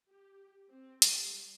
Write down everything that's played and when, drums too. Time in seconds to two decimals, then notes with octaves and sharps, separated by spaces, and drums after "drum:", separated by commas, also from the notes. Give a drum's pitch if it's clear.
0.10 G4
0.69 C4
1.02 G3, drum: hi-hat